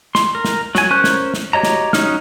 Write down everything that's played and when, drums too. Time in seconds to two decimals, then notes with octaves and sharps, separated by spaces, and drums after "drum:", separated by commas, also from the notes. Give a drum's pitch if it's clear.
0.15 C6, drum: snare
0.35 A#4
0.45 drum: snare
0.75 F#3 G#5, drum: snare
0.90 C#4 A#4 C5 C#6 F#6
1.04 drum: snare
1.34 drum: snare
1.53 F#4 G4 C#5 D#5 A#5
1.63 drum: snare
1.93 F#3 C#4 D#4 F6, drum: snare